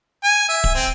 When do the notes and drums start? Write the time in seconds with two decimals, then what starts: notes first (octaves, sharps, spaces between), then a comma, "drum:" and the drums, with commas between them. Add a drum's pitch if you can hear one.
0.24 G#5
0.49 E5
0.64 drum: kick D1
0.75 C4